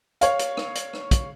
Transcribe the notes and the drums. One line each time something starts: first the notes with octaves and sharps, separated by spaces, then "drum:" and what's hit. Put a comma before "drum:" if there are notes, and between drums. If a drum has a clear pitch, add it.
C#5 F5, drum: hi-hat
drum: hi-hat
drum: rim click
drum: hi-hat
drum: rim click
drum: kick, hi-hat